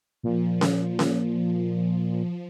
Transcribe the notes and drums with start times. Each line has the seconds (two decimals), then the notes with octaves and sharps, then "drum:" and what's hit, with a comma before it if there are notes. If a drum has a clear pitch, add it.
0.23 A#2 F3
0.61 drum: snare C#4
0.99 drum: snare C#4